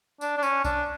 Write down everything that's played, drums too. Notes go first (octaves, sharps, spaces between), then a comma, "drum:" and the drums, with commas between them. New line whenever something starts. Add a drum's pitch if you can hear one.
D4, drum: tambourine
D4
C#4, drum: tambourine
D4, drum: kick B1, tambourine